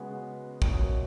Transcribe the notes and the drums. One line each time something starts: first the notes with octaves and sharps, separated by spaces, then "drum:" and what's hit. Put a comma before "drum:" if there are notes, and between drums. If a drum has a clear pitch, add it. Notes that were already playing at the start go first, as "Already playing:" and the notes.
Already playing: C#3 G#3 B3 F#4
B2 F#3 A#3 C#4 E4, drum: kick